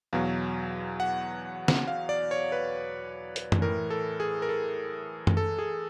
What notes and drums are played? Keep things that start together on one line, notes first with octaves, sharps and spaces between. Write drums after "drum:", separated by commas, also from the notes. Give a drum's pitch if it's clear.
E2 B2 F#3 F5
F#5
drum: snare
F5
D5
C#5
B4
drum: hi-hat
drum: tom F#2
A2 E3 A#4
A4
G#4
A#4
A4
drum: tom F#2
A4
G#4